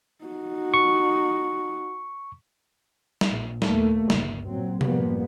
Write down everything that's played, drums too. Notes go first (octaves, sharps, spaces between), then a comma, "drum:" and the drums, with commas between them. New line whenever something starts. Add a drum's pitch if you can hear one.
D#4 F#4
C#6
drum: snare
A#1
D#2 A3 A#3, drum: snare
G1 C#2, drum: snare
A#2 F#3 C4
F#2 A2 F3 G3 A#3 B3, drum: tom C3